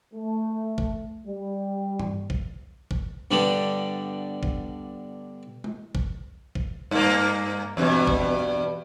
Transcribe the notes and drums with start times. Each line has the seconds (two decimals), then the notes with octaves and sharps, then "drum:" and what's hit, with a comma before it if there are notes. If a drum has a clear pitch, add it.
0.14 A3
0.78 drum: kick
1.27 G3
2.00 drum: tom G2
2.30 drum: kick
2.91 drum: kick
3.31 G2 D3 G3 B3
4.43 drum: kick
5.64 drum: tom G#3
5.95 drum: kick
6.55 drum: kick
6.91 G2 A#3
7.77 E2 G2 B2
8.07 drum: kick